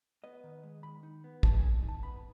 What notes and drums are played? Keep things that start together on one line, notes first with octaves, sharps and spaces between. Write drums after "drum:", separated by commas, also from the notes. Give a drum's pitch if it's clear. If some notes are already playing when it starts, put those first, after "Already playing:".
B3 D#5
D#3
G#3
D#3 B5
D#4
B3
G#3 A5, drum: kick
D#3 G#5
D#4
A5
B3 B5